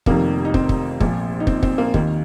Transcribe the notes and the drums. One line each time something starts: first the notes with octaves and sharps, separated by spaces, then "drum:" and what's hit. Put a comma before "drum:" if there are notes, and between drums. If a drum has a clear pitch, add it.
F1 F2 C3 D#3 A#3, drum: kick
D#4
C4, drum: kick
drum: kick
A#1 A#2 F3, drum: kick
D#4
C4, drum: kick
C4, drum: kick
A#3
D#2 D#3 D#4, drum: kick